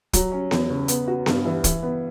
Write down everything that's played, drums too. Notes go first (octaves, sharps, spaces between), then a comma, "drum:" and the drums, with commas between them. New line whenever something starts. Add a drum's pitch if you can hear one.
F#3, drum: kick, hi-hat
C#4
E2, drum: snare B3
C#3
B3, drum: hi-hat
F#4
G2, drum: snare B3
E3
E3, drum: kick, hi-hat
B3